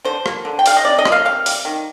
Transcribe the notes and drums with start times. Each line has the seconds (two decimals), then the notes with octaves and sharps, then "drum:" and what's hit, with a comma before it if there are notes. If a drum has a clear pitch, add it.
0.05 D3 C5
0.26 A#3, drum: rim click
0.45 D3
0.59 G5
0.66 G3 F5, drum: open hi-hat
0.77 D#5
0.85 C3 D5
0.98 D#5
1.05 A#3, drum: rim click
1.12 F5
1.25 C3 F5
1.46 G3, drum: open hi-hat
1.65 D#3